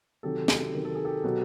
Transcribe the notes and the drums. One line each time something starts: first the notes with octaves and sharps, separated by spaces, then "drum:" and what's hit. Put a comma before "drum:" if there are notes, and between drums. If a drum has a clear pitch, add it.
C3 D#3 F#3 G4 A4
G4 A4, drum: snare
C3 D#3 F#3 A#4
A4
G#4
G4 A4
B2 F#3